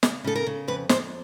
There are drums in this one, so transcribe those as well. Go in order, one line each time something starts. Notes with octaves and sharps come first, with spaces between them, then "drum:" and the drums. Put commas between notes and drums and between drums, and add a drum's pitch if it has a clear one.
C#3, drum: snare
C#3 A4
A#4
C#3
F2 B4
F2 C5, drum: snare